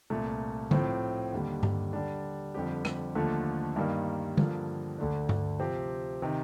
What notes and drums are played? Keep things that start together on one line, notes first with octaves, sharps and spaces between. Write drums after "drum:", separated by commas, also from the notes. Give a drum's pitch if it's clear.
C2 A#2 A3
A2 F3 C4, drum: tom D3
D#2 D3 G3
drum: tom G2
D3 G3 D4
F2 D3 G3 C4 G4
drum: rim click
D#2 D3 F3 A3
G2 D#3 G3 A#3
G2 D3 F3 A#3, drum: tom D3
D2 D3 A3 D4
drum: tom G2
C3 F3 C4 G4
C3 D#3